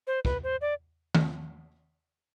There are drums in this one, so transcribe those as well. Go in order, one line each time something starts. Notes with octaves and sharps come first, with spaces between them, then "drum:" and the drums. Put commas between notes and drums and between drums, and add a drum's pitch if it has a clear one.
C5
B4, drum: kick
C5
D5
drum: tom D#3